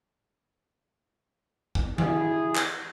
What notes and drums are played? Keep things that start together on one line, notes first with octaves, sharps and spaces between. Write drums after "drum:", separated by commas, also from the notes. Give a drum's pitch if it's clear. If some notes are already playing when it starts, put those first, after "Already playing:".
drum: kick
E4 G#4, drum: tom D#3
drum: clap